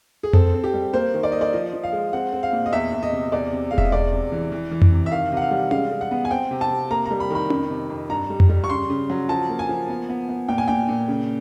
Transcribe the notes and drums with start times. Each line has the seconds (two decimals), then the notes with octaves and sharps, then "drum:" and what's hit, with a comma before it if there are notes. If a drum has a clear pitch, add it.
0.23 G#4
0.33 C4 A4, drum: tom F2
0.54 C4
0.64 G4
0.74 G3
0.93 A#3 C5
1.14 D#3
1.23 D5
1.32 A#3 D#5
1.41 D5
1.53 F3 D#5
1.73 F3
1.84 F5
1.93 G#3
2.13 C4 F#5
2.33 C4
2.43 F5
2.53 A#2
2.66 D#5
2.73 E2 E5
2.93 E2
3.03 D#5
3.13 C3
3.32 E2 D5
3.52 C3
3.71 G#3 F5
3.78 E5, drum: kick E1
3.85 D#5
3.92 E2 D5
4.12 C3
4.32 E3
4.52 E3
4.71 E3
4.82 drum: tom F2
4.91 C3
5.06 E5
5.11 D#3 F5
5.32 C3
5.37 F#5
5.42 F5
5.51 G3
5.71 G#3 F5, drum: tom C#4
5.91 G#3
6.01 F#5
6.11 B3
6.25 G#5
6.30 C4 G5
6.51 C3
6.61 A5
6.71 C3
6.91 A#3 A#5
7.06 A#5
7.11 G3
7.20 B5
7.31 D#3 B5
7.50 F2, drum: tom C#4
7.70 C3
7.90 F2
8.09 G2 A#5
8.30 G3
8.40 drum: tom F2
8.49 G3
8.64 C#6
8.69 C#3 C6
8.90 C#3
9.10 F#3
9.29 F3 A5
9.49 A#3
9.59 G#5
9.69 F3
9.89 B3
10.09 B3
10.29 B3
10.48 A#2 G5
10.58 G#5
10.68 A#2 G5
10.88 A#2
11.08 C#3